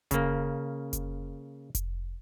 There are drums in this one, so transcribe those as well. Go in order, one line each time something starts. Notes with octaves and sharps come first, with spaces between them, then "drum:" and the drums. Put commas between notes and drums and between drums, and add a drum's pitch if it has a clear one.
C#3 A#3, drum: kick F1, hi-hat
drum: kick F1, hi-hat
drum: kick F1, hi-hat